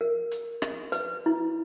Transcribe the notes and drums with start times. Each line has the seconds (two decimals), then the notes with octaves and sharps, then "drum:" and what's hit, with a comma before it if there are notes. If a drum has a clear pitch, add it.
0.01 A#4
0.31 drum: hi-hat
0.62 drum: rim click
0.92 B4, drum: hi-hat
1.26 E4